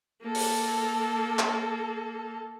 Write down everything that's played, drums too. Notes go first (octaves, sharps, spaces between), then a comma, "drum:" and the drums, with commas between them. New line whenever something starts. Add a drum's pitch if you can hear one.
A#3 A4
drum: open hi-hat
drum: clap